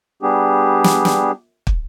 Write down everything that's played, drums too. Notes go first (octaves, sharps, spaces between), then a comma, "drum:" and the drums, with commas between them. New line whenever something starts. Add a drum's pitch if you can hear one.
G3 B3 D4 G4 G#4
drum: snare
drum: snare
drum: kick